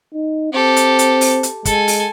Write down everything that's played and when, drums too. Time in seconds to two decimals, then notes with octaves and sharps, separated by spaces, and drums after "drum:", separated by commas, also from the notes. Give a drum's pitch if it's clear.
0.14 D#4
0.53 C4 G4 A4
0.76 drum: hi-hat
0.99 drum: hi-hat
1.21 drum: open hi-hat
1.43 drum: hi-hat
1.65 G#3 A4 G#5, drum: kick, hi-hat
1.88 drum: open hi-hat